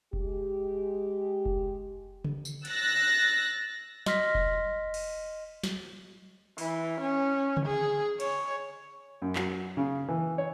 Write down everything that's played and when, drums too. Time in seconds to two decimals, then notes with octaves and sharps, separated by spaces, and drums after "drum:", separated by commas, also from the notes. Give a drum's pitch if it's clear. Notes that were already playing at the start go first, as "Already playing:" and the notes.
0.13 G#3 G4, drum: kick F1
1.46 drum: kick F1
2.25 drum: tom C#3
2.45 drum: tambourine
2.65 E6 F#6 A6 A#6, drum: cymbal
4.06 D#5 C6 F6 A#6 B6, drum: snare
4.35 drum: kick F1
4.94 drum: cymbal
5.63 drum: snare
6.58 E3, drum: open hi-hat
7.01 C#4
7.57 drum: tom C#3
7.66 G#4
8.20 C#5, drum: cymbal
9.22 F#2
9.36 F#3, drum: clap
9.77 C#3
10.08 E3
10.38 C#5